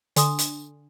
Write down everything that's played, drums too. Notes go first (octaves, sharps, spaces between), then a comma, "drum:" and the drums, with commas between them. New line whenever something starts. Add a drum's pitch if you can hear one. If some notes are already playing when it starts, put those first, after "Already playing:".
D3 G#5 C6 D#6, drum: hi-hat
drum: hi-hat